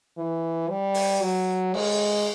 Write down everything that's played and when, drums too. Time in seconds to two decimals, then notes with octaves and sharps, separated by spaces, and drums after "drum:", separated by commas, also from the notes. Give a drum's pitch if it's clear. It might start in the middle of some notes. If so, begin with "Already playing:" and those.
0.17 E3
0.69 G3
0.94 drum: open hi-hat
1.22 F#3
1.74 G#3, drum: cymbal